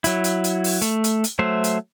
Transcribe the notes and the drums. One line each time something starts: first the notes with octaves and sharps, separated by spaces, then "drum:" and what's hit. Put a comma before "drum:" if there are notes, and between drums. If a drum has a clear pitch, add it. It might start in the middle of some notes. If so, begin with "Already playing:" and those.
F#3 E4, drum: hi-hat
drum: hi-hat
drum: hi-hat
drum: open hi-hat
A3, drum: hi-hat
drum: hi-hat
drum: hi-hat
F#3 A3 C5 E5
drum: hi-hat